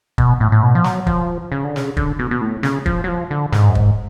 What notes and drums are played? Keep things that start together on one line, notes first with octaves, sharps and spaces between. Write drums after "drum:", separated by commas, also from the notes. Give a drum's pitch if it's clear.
B2, drum: kick
A2
A2
B2
F3
F#3, drum: snare
F3, drum: kick
C#3
D3
C#3, drum: snare
D3, drum: kick
B2
B2
A2
C#3, drum: snare
F3, drum: kick
F#3
F3
D3
G#2, drum: snare
F#2
G#2, drum: kick